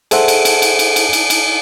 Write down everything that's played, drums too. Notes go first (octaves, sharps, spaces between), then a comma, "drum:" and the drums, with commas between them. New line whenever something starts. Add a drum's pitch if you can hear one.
G#4 A4 C5 E5 F#5, drum: cymbal
drum: cymbal
drum: cymbal
drum: cymbal
drum: cymbal
drum: cymbal
drum: cymbal
drum: cymbal